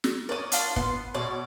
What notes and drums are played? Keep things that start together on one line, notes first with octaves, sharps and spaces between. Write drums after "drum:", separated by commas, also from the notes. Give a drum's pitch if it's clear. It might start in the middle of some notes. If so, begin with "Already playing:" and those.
drum: snare
A#4 C#5 D5 D#6
D4 F4 D5, drum: hi-hat
B3 C6, drum: kick
B2 C#5 D5